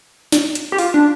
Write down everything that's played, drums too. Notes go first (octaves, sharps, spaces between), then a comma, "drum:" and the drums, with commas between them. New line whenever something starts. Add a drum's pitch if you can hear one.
drum: snare
drum: hi-hat
G4
F4, drum: open hi-hat
D4